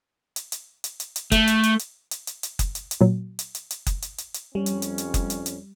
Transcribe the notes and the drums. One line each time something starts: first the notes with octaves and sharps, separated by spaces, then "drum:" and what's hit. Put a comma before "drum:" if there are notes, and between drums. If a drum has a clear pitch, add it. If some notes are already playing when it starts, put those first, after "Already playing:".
drum: hi-hat
drum: hi-hat
drum: hi-hat
drum: hi-hat
drum: hi-hat
A3, drum: kick F#1, hi-hat
drum: hi-hat
drum: hi-hat
drum: hi-hat
drum: hi-hat
drum: hi-hat
drum: hi-hat
drum: kick F#1, hi-hat
drum: hi-hat
drum: hi-hat
A#2 F#3
drum: hi-hat
drum: hi-hat
drum: hi-hat
drum: kick F#1, hi-hat
drum: hi-hat
drum: hi-hat
drum: hi-hat
F2 G3 C#4
drum: hi-hat
drum: hi-hat
drum: hi-hat
drum: kick F#1, hi-hat
drum: hi-hat
drum: hi-hat